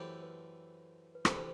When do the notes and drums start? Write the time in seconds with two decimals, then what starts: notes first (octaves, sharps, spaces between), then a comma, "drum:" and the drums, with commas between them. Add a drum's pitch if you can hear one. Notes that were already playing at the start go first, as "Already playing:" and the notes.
Already playing: F#2 E3 A3 C4 G4
0.23 B4
1.15 B4
1.25 D2 C3 E3 A3 C5, drum: rim click